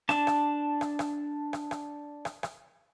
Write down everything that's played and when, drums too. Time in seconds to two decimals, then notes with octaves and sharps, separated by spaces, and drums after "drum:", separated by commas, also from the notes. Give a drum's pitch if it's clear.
0.09 D4 A5, drum: rim click
0.27 drum: rim click
0.81 drum: rim click
0.99 drum: rim click
1.53 drum: rim click
1.71 drum: rim click
2.25 drum: rim click
2.43 drum: rim click